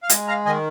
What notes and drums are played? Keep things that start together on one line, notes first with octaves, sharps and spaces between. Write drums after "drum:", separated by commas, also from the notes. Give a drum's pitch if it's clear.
F5
G#3 D#5 G#5, drum: hi-hat
F5 A#5
D#3 D#5 G#5